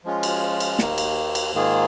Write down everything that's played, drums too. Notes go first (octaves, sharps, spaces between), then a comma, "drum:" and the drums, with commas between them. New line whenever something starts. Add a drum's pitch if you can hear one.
F3 G#3 C#4 F4
drum: cymbal
drum: cymbal
D#2 D#3 A#3, drum: snare
drum: cymbal
drum: cymbal
G#2 D#3 A#3 F4 G#4